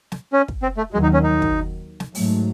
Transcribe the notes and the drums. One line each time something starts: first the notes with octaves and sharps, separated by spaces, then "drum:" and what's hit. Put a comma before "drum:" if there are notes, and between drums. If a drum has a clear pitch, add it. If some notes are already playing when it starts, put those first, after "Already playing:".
drum: snare
C#4
drum: kick
C4
A3
D#2 D#3 F#3 G#3
D#4
C#4
D#4
drum: kick
drum: snare
G#2 F#3 A3, drum: open hi-hat